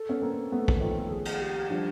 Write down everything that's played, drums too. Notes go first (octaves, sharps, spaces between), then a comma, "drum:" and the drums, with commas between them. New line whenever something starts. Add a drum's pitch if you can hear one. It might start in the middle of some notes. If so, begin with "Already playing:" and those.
Already playing: A4
B3 C#4
A#3 C4
A3 B3
drum: kick
D#3 F3
A4
G#4
drum: cymbal
G4
F3 G3 D4